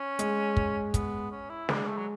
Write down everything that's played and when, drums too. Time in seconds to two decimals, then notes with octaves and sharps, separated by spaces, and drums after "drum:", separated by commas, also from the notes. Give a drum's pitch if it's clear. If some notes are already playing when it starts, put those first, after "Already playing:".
Already playing: C#4
0.19 G#3, drum: hi-hat
0.57 drum: kick
0.94 B3, drum: kick, hi-hat
1.32 C#4
1.50 E4
1.69 G#3 D4, drum: snare
1.87 A3
1.98 F#3